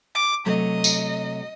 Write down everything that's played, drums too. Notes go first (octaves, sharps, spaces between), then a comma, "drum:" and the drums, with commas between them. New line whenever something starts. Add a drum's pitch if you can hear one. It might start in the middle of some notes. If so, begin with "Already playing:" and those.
D6
C3 F#3 A3 D#5
drum: tambourine